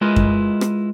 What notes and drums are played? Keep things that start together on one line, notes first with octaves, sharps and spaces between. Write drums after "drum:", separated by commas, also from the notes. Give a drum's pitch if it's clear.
G#3 E4 F4 A#4 B4 D#5
drum: kick F#2
drum: rim click